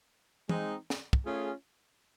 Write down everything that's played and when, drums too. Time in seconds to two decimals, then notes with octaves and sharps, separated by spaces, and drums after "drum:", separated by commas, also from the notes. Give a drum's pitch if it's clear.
0.49 G#3 C4 D#4, drum: tom E3
0.90 drum: snare
1.13 drum: kick
1.25 A3 C#4 F4 G#4